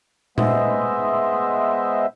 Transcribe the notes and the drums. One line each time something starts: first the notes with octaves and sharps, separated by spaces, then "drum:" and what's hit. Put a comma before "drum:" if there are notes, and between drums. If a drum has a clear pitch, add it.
G#3 B3 C5 D#5 E5, drum: tom A#2